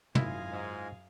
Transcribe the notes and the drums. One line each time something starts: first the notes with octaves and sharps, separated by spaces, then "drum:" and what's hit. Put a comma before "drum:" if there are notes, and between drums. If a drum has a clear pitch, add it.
G#1 F#2 E4 F4 G#4 D#5 F5 G#5, drum: tom
G#2